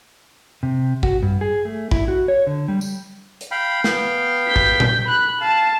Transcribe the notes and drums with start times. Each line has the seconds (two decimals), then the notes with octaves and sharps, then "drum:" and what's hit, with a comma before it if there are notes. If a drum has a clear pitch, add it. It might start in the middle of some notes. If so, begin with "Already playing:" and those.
0.63 C3
1.03 F#4, drum: kick
1.22 G2
1.41 G#4
1.65 A3
1.91 E4, drum: kick
2.08 F#4
2.28 C#5
2.47 D3
2.68 G3
2.81 drum: tambourine
3.41 drum: hi-hat
3.51 F5 G5 B5
3.84 B3 F5 G5, drum: snare
4.47 G6 B6
4.56 drum: kick
4.80 drum: tom A#2
5.06 B5 F#6
5.41 F5 A5